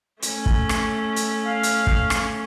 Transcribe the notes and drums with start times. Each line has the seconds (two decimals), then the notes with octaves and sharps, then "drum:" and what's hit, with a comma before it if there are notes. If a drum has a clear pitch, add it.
0.22 A3 C#4, drum: hi-hat
0.46 drum: kick
0.69 drum: rim click
1.16 drum: hi-hat
1.47 F5
1.63 drum: hi-hat
1.87 drum: kick
2.10 drum: rim click